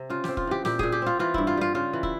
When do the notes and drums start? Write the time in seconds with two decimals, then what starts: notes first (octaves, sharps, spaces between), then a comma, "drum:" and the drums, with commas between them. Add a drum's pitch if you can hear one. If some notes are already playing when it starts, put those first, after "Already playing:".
Already playing: C3
0.10 C#3 F4
0.24 C4 G4, drum: snare
0.37 F4, drum: kick
0.47 E3 G4
0.65 A#2 G4, drum: snare
0.79 A#2 G#4, drum: kick
0.92 G4
1.02 C4 F4
1.19 E3 F4
1.34 G2 E4, drum: kick
1.47 F4
1.57 G3 F4
1.75 C#3 F4
1.93 E3
2.03 E4, drum: kick